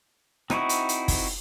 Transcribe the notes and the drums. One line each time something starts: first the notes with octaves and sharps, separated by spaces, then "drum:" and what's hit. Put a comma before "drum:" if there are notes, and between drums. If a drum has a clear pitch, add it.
C4 D#4 E4 F#4, drum: rim click
drum: hi-hat
drum: hi-hat
drum: kick, open hi-hat